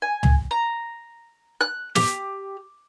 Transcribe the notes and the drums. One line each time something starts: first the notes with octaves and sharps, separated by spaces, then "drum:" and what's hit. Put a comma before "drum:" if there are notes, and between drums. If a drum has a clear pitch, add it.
G#5
drum: tom C#2
A#5
F#6
G4, drum: snare